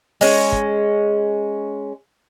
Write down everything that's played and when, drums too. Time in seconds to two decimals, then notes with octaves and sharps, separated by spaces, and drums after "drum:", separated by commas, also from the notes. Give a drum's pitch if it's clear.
0.21 G#3 C#4, drum: open hi-hat
0.52 drum: kick